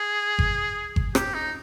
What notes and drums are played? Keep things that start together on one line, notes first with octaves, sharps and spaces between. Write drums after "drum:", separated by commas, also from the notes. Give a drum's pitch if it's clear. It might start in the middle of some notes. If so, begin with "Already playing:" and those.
Already playing: G#4
drum: kick G1
drum: kick G1
G4, drum: rim click
D#4